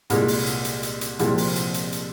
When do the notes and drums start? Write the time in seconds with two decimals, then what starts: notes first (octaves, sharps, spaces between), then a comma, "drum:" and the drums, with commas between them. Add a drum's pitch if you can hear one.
0.10 C2 A#2 G#3, drum: hi-hat
0.28 drum: open hi-hat
0.46 drum: hi-hat
0.65 drum: hi-hat
0.83 drum: hi-hat
1.01 drum: hi-hat
1.19 C2 A#2 F3 G#3 C4, drum: hi-hat
1.38 drum: open hi-hat
1.56 drum: hi-hat
1.74 drum: hi-hat
1.92 drum: hi-hat